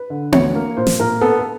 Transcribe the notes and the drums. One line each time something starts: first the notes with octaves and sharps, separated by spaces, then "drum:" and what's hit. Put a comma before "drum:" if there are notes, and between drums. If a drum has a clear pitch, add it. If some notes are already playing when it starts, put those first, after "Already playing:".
Already playing: B4
D3
D2 C#5, drum: tom B3
A#3
A#2 C5
drum: snare
A#2 A#4
B3 A4
A4